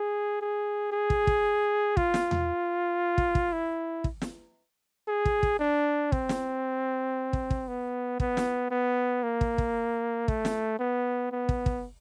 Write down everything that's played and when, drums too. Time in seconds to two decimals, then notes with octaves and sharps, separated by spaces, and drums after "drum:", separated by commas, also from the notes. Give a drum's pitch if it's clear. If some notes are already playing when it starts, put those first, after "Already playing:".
Already playing: G#4
0.41 G#4
0.92 G#4
1.10 drum: kick
1.27 drum: kick
1.97 F4, drum: kick
2.14 drum: snare
2.31 drum: tom E2
3.18 drum: kick
3.35 drum: kick
3.53 E4
4.04 drum: kick
4.22 drum: snare
5.08 G#4
5.25 drum: kick
5.43 drum: kick
5.59 D4
6.12 C4, drum: kick
6.29 drum: snare
7.33 drum: kick
7.50 drum: kick
7.68 B3
8.20 B3, drum: kick
8.37 drum: snare
8.71 B3
9.23 A#3
9.41 drum: kick
9.58 drum: kick
10.28 A3, drum: kick
10.45 drum: snare
10.79 B3
11.32 B3
11.49 drum: kick
11.66 drum: kick